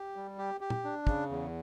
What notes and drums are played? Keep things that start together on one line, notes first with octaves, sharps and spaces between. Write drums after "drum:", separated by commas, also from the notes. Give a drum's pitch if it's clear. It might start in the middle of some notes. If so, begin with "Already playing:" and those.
Already playing: G4
G3
G4
G4
drum: tom
D4
C#3, drum: kick
E2